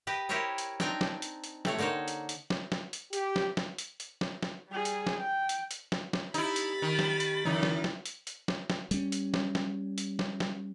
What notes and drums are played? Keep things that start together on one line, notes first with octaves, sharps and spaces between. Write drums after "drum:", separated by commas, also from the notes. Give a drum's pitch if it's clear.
G4 B4 D#5
E4 G4 A#4 C5 C#5 D#5
drum: hi-hat
C4 D4 D#4 G5 G#5 A#5, drum: snare
drum: snare
drum: hi-hat
drum: hi-hat
C3 A3 C#5, drum: snare
D3 A#3 D#4 C5 C#5
drum: hi-hat
drum: hi-hat
drum: snare
drum: snare
drum: hi-hat
G4, drum: hi-hat
drum: snare
drum: snare
drum: hi-hat
drum: hi-hat
drum: snare
drum: snare
G3 G#4
drum: hi-hat
drum: snare
G5
drum: hi-hat
drum: hi-hat
drum: snare
drum: snare
D#4 E4 G4 B5 A6, drum: hi-hat
drum: hi-hat
D#3
drum: snare
drum: hi-hat
F#2 D3 E3 D#4 E4
drum: snare
drum: snare
drum: hi-hat
drum: hi-hat
drum: snare
drum: snare
G3 C#4, drum: hi-hat
drum: hi-hat
drum: snare
drum: snare
drum: hi-hat
drum: snare
drum: snare